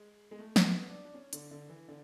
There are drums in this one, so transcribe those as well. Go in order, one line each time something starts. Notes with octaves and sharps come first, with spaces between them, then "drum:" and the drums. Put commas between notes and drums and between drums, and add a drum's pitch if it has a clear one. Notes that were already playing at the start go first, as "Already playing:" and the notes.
Already playing: G#3
G#3
A3
A3, drum: snare
B3
D4
D4
C#4
D3, drum: hi-hat
D3
E3
D3